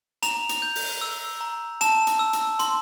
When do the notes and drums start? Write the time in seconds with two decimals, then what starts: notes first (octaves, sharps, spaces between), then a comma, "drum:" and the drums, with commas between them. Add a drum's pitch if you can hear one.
0.23 A#5 F7, drum: hi-hat
0.49 drum: hi-hat
0.62 G6
0.75 drum: open hi-hat
1.01 E6
1.41 A#5
1.81 A5 E7, drum: hi-hat
2.07 drum: hi-hat
2.19 E6
2.33 drum: hi-hat
2.59 C6, drum: hi-hat